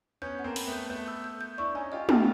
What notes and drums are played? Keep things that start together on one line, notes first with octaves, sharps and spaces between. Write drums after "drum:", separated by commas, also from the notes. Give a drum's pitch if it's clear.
B3 C#4 G6
F#5
A#3 C4
B5, drum: open hi-hat
A3 B3
G6
A3 B3 G6
E6
G6
G6
D4 E4 C#6
C#4 D#4 G#5
F4 G4 D#5
F4 G4 D#5, drum: tom